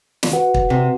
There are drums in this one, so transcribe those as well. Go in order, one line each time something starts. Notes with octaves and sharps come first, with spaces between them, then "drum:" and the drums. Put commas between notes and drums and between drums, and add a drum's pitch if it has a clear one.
drum: snare
F#4 B4 F#5
drum: kick
C3